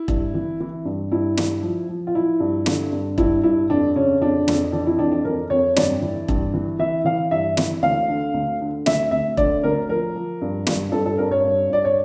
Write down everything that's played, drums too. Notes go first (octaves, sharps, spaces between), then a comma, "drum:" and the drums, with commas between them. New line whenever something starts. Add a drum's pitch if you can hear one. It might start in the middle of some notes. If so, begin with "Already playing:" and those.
Already playing: E4
G2, drum: kick E1
E3
E3
G2
G2 E4
G2, drum: snare
F3
F3
F4
F3 E4
G2
D3, drum: snare
G2
G2 E4, drum: kick E1
G2 E4
F2 D4
C#3 C#4
F2 D4
F2, drum: snare
E3 D4
E4
F2 D4
D4
F2 A#4
F2 C#5
G2 D5, drum: snare
E3
G2, drum: kick E1
E3
E3 E5
E3 F5
G2 E5
E3, drum: snare
D2 F5
D3
D2
D3
D2 E5, drum: snare
D2 E5
D3 D5, drum: kick E1
D2 A#4
F3 A#4
F3
G2
G2, drum: snare
G2 A4
A4
G2 A#4
C#5
G2
G2 D5
C#5